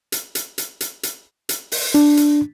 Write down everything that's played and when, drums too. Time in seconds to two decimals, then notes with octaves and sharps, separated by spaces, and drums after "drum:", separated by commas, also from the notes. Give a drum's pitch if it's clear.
0.12 drum: hi-hat
0.35 drum: hi-hat
0.58 drum: hi-hat
0.81 drum: hi-hat
1.03 drum: hi-hat
1.49 drum: hi-hat
1.72 drum: open hi-hat
1.94 D4, drum: hi-hat
2.17 drum: hi-hat